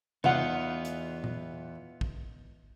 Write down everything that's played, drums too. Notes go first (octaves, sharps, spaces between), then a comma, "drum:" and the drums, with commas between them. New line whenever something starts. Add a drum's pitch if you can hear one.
E2 B3 D#4 F4 F#5, drum: tom C3
drum: hi-hat
drum: tom A#2
drum: kick